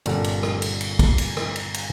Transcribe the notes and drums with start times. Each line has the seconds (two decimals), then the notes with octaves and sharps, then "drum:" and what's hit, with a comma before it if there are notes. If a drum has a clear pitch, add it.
0.06 G1 A#2 G3 C#4 A4 F#5, drum: cymbal
0.24 drum: cymbal
0.43 drum: rim click
0.62 drum: cymbal
0.81 drum: cymbal
0.99 drum: kick, cymbal
1.18 drum: cymbal
1.37 drum: rim click
1.56 drum: cymbal
1.74 drum: cymbal